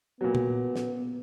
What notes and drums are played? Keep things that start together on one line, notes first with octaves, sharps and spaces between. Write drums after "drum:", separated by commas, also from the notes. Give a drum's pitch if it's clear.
A#2 F#3 B3
drum: tom A#2
drum: snare